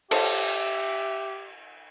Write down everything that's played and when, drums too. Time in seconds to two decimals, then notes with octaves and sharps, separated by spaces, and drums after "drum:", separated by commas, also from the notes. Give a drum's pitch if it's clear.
0.11 G4 A4 C5 C#5 E5, drum: cymbal